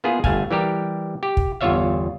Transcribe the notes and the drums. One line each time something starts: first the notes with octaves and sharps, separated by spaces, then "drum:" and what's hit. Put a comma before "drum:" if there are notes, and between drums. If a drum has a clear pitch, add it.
A#3 B3 E4 F4 G#4
G1 A3 F5 G#5, drum: kick
E3 G3 G4 A#4
G4
drum: kick
G1 E2 F4 C#5 E5 F5